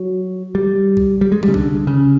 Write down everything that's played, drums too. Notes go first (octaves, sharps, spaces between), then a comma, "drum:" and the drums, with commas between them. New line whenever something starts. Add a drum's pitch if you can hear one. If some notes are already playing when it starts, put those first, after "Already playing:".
Already playing: F#3
G3
drum: kick
G3
G#3
G3, drum: tom
C#3
D3, drum: kick
C#3